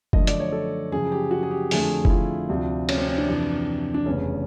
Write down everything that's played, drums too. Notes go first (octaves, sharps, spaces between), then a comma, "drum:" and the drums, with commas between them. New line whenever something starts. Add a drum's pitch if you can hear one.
F#2 D3 F3 A3 D#5, drum: kick F1
D5, drum: hi-hat
C#5
A4
F#2 C#3 F3 G#4
G4
F#4
G#4
G4
F2 D3 F3 A3 G#4, drum: open hi-hat
E4, drum: kick F1
F4
D2 C3 F3
C#4, drum: cymbal
C4
C#4
D4
F2 C3 E3
D4
F1 E2 C#3 C#4